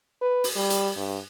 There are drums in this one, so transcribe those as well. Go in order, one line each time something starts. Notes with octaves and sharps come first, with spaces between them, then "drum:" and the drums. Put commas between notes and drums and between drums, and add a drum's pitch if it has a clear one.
B4
drum: open hi-hat
G3
drum: hi-hat
G2